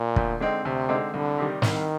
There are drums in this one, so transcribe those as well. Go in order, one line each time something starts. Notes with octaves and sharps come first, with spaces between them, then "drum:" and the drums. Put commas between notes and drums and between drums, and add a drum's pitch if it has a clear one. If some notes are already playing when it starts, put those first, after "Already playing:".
Already playing: A#2
D2, drum: kick
D3 G#3 C4 D#4
D2 C3
D3 G#3 C4 D#4
C2 D3
C3 D#3 G3
C2 D#3, drum: snare